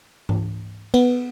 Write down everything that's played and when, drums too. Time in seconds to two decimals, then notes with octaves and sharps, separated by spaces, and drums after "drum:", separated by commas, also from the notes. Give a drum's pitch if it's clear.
0.29 drum: tom G#2
0.94 B3, drum: cymbal